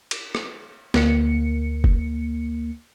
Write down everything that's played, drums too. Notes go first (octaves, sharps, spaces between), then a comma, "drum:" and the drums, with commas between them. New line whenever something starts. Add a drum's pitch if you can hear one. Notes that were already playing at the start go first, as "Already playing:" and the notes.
drum: cymbal
drum: rim click
D2 A#3 C#7, drum: snare A#3
drum: kick F#1